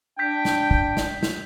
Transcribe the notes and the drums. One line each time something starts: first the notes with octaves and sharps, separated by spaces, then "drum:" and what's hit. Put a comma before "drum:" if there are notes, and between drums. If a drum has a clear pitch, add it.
D4 G5 G6 B6
drum: snare
drum: kick
drum: snare
drum: snare